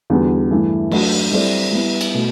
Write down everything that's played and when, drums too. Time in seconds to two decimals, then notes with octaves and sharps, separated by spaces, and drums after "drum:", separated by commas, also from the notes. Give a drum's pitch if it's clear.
0.10 E2 D3 G3 B3 F#4
0.51 G2 E3 A3 E4
0.91 F#3 A3 D4 F#4, drum: cymbal
1.31 G3 C4 E4 A4 D5
1.73 G3 B3 E4
2.01 drum: cymbal
2.14 B2 A3